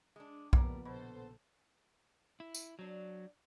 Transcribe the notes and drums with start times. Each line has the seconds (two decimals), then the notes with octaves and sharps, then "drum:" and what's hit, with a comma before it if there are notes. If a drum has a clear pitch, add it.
0.16 G#3 D4
0.53 A#2 C#3 F3 G3 A#3 B3 A#4, drum: kick B1
0.85 A#1 B2 A4 C5 B5
2.40 E4
2.54 drum: tambourine
2.79 F#3 C4 D4 F#4